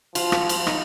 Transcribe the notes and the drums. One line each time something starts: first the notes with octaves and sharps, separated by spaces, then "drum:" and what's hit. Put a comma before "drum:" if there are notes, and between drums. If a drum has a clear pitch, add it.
F3 F4, drum: cymbal
drum: rim click
drum: cymbal
D#4, drum: rim click